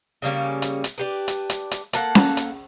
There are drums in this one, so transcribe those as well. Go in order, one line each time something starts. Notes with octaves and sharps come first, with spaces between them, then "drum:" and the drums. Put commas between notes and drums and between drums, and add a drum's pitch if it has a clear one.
C#3 G3 A#3 C#4
drum: hi-hat
drum: hi-hat
D4 G4 B4
drum: hi-hat
drum: hi-hat
drum: hi-hat
A#3 A4 F#5, drum: hi-hat
drum: snare C#4
drum: hi-hat